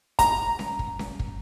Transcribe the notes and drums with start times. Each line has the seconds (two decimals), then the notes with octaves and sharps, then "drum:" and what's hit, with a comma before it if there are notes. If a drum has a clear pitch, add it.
0.19 A#5, drum: kick, hi-hat
0.59 drum: snare C#4
0.79 drum: kick
0.99 drum: snare C#4
1.19 drum: kick